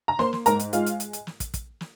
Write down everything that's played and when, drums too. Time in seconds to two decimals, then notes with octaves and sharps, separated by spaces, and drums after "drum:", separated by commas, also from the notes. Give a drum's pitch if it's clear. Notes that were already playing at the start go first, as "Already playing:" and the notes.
0.08 A#5
0.19 A#3 C5 C6, drum: snare
0.33 drum: snare
0.46 G#2 A#4 A#5, drum: hi-hat
0.60 drum: hi-hat
0.73 G#3 F4 F5, drum: hi-hat
0.86 drum: hi-hat
1.00 drum: hi-hat
1.13 drum: hi-hat
1.27 drum: snare
1.40 drum: kick, hi-hat
1.54 drum: kick, hi-hat
1.81 drum: snare